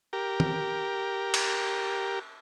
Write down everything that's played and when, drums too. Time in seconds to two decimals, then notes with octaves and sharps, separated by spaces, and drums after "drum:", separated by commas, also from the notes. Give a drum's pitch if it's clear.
0.13 G4 A#4
0.40 drum: tom
1.34 drum: cymbal